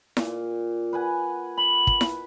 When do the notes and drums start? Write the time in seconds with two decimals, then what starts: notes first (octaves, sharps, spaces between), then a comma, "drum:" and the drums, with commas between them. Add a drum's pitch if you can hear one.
0.17 A#2, drum: snare E4
0.93 B4 F#5 G#5
1.57 B5 F#7
1.87 drum: kick
2.01 drum: snare E4